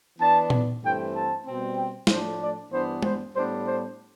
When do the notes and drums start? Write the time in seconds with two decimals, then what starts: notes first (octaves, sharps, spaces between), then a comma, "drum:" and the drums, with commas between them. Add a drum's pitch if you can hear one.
0.18 E3 B3 D4 A5
0.50 drum: tom A#2
0.82 G2 E3 A3 C4 G5
1.13 A5
1.44 B2 G3 C4
1.76 G5
2.07 A2 F3 A3 D4 C5, drum: snare
2.39 D5
2.70 G2 E3 B3 D4 C5
3.03 C5, drum: tom G#3
3.34 A2 G3 B3 D4 C5
3.65 C5